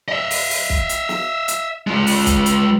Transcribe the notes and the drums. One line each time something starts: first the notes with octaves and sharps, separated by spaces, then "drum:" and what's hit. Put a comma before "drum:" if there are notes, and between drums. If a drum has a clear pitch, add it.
D#5 E5
drum: open hi-hat
drum: open hi-hat
drum: kick
drum: hi-hat
drum: snare
drum: hi-hat
G#3 F4
drum: open hi-hat
drum: kick, hi-hat
drum: hi-hat